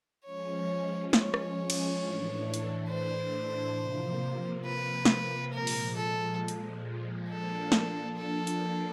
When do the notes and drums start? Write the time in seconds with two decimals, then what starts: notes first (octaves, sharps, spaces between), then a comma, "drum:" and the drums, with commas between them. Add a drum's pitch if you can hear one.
0.25 F3 G#3 C#4 C#5
1.13 C#5, drum: snare
1.34 drum: rim click
1.70 drum: cymbal
2.01 A2 E3 A3 D4
2.54 drum: hi-hat
2.89 C5
3.77 C3 F3 A#3
4.65 B4
5.05 drum: snare
5.53 A#2 F3 G#3 A#4
5.67 drum: open hi-hat
5.97 A4
6.48 drum: hi-hat
7.29 F3 A#3 D4 A4
7.72 drum: snare
8.17 A4
8.47 drum: hi-hat